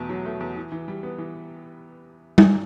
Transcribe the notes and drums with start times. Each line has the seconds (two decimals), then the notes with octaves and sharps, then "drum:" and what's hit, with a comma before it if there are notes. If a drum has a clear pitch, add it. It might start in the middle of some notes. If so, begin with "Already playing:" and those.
Already playing: E2 B2 A3
0.09 F#3
0.26 A3
0.40 E2
0.56 E3
0.72 E3
0.88 G3
1.03 B3
1.18 E3
2.38 drum: tom G3